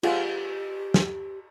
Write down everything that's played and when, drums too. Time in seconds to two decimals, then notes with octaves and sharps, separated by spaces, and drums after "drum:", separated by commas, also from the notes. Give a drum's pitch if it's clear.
0.03 F4 G4 G#4 F#5, drum: cymbal
0.94 drum: snare